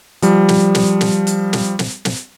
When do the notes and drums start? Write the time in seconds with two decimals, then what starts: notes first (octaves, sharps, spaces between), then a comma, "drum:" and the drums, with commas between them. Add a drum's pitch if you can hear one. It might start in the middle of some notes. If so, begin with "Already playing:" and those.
0.22 F3 G3, drum: hi-hat
0.48 drum: snare
0.75 drum: snare
1.01 drum: snare
1.27 drum: hi-hat
1.53 drum: snare
1.79 drum: snare
2.05 drum: snare